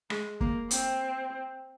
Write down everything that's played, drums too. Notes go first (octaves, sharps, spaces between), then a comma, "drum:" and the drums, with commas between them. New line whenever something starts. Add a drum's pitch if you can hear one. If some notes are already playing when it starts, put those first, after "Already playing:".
G#3, drum: rim click
A#3, drum: kick
C4, drum: hi-hat